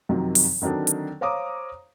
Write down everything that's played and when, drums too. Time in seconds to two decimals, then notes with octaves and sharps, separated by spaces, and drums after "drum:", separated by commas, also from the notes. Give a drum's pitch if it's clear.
0.09 F#2 C3 D#3 F3 F#3
0.35 drum: open hi-hat
0.62 D3 D#3 F#3 C4 D4
0.87 drum: hi-hat
1.21 C5 C#5 F5 A#5 D6 D#6